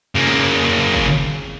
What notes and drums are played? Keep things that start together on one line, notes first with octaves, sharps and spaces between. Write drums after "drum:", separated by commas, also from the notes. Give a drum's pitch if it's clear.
C#3 A#3
drum: snare
drum: kick